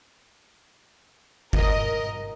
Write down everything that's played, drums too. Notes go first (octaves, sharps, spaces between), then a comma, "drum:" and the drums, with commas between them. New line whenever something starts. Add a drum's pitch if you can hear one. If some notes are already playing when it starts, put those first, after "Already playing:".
A#4 D#5, drum: kick G1